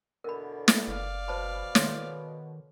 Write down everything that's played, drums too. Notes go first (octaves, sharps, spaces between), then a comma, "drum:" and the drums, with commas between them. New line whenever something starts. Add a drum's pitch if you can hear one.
E2 B2 D3 A#4 B5
drum: snare
F#1 D5 F5
B2 C5 A5 B5
D#3 A4 C#5 C6, drum: snare